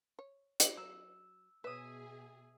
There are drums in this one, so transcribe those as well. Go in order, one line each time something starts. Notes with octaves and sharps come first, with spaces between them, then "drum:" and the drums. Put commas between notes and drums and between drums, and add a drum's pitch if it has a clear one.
C#5
drum: hi-hat
F#3 E6
B2 G#4 B4 C#5 E5 D#6